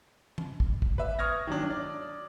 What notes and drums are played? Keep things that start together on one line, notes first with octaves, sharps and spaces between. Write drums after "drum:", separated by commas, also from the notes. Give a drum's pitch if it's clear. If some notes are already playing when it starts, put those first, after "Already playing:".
drum: tom E3
drum: kick
drum: kick
B4 E5
C#6 D#6 F6 G#6 A#6
D#3 F#3 D4
D5